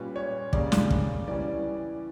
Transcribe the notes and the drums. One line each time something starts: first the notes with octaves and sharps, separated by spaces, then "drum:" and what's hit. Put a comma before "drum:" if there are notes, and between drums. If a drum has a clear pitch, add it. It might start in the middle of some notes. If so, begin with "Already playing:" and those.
Already playing: A#2 G3 C#4 B4
C#5
C#3 G3 A#3 C#4 D5, drum: kick
drum: snare
drum: kick
E3 G3 C#4 D5